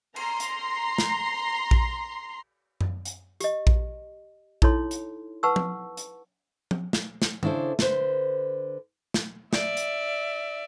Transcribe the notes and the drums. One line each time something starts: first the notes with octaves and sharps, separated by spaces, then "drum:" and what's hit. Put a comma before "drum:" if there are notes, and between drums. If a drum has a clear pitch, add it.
A#5 C6 C7, drum: cymbal
drum: hi-hat
drum: snare
drum: kick A#1
drum: tom F#2
drum: hi-hat
G4 D#5, drum: hi-hat
drum: kick A#1
D#4 E4 A4 C#5 C6, drum: kick A#1
drum: hi-hat
B4 F#5 A5 C#6 E6
drum: tom
drum: hi-hat
drum: tom
drum: snare
drum: snare
C#3 D4 E4 A4 C5, drum: tom D#3
D3 B4 C5, drum: snare
drum: snare
D5 E5, drum: snare
drum: hi-hat